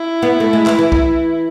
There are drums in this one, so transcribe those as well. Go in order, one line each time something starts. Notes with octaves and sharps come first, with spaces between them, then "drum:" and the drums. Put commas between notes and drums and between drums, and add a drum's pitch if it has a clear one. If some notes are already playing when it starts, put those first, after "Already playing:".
Already playing: E4
B3
A3
G#3
E3, drum: clap
E3
drum: kick B1